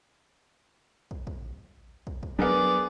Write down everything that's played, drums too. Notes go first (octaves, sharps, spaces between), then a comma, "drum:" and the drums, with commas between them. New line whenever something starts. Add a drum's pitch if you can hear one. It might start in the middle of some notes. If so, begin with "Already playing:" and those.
drum: kick
drum: kick
drum: kick
drum: kick
F#3 B3 D4 G#4 A#4 B4 D5